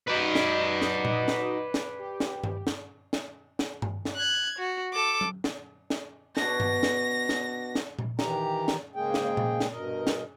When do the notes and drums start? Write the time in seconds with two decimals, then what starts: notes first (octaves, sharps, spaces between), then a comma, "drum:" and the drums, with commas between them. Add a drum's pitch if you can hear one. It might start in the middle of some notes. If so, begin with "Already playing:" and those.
0.07 D#4 F#4 B4 D5 D#5
0.35 drum: snare
0.82 drum: snare
1.05 drum: tom A#2
1.28 drum: snare
1.74 drum: snare
1.99 G4
2.20 drum: snare
2.44 drum: tom G2
2.67 drum: snare
3.13 drum: snare
3.59 drum: snare
3.82 drum: tom G2
4.05 drum: snare
4.16 F#6 G#6
4.59 F#4
4.93 A4 D6
5.21 drum: tom F#3
5.44 drum: snare
5.90 drum: snare
6.37 B2 D4 A#6, drum: snare
6.60 drum: tom G2
6.83 drum: snare
7.29 drum: snare
7.75 drum: snare
7.99 drum: tom A#2
8.19 D#3 E3 G4 A#5, drum: snare
8.68 drum: snare
8.95 G#2 C#3 G#3 A#3 G#4 G5
9.14 drum: snare
9.37 drum: tom A#2
9.60 drum: snare
9.71 G2 B2 A#4 D#5
10.07 drum: snare